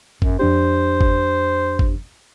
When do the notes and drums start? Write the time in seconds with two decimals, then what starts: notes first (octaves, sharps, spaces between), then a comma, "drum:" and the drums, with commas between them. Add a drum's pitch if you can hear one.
0.22 F#2, drum: kick
0.39 F2 D4 G4 C5
1.01 drum: kick
1.79 drum: kick